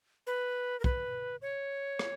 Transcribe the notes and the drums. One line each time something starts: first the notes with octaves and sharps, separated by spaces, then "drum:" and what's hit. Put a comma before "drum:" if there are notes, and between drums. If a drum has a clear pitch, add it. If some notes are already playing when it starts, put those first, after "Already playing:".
B4
A#4
B4, drum: kick
C#5
drum: rim click